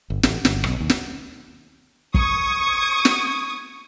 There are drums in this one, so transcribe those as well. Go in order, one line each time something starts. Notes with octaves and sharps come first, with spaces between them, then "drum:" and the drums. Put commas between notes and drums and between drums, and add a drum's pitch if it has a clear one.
G1
A1, drum: snare
G1, drum: snare
B1, drum: rim click
D#2
drum: snare
C#6 D#6 G#6, drum: kick
drum: snare